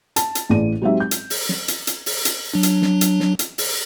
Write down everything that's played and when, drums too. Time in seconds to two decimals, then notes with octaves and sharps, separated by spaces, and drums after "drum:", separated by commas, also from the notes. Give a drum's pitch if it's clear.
0.16 A5, drum: hi-hat
0.35 drum: hi-hat
0.49 A1 A2 G#4 D5 D#7
0.82 F#3 G#3 C4 D#4 G4 E5
1.00 G6
1.11 drum: hi-hat
1.30 drum: open hi-hat
1.49 drum: snare
1.68 drum: hi-hat
1.87 drum: hi-hat
2.06 drum: open hi-hat
2.25 drum: hi-hat
2.54 F#3 D4
2.63 drum: hi-hat
2.82 drum: snare
3.01 drum: hi-hat
3.20 drum: snare
3.39 drum: hi-hat
3.58 drum: open hi-hat